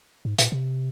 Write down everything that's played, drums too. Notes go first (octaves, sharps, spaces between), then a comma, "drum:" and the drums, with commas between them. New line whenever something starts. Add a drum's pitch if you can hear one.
G#2
A#2, drum: hi-hat
C3